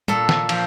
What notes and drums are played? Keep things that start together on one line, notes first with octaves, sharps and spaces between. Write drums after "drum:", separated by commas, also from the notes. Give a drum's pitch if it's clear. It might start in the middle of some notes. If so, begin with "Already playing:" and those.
A#2 A4, drum: tom
drum: snare
F3, drum: cymbal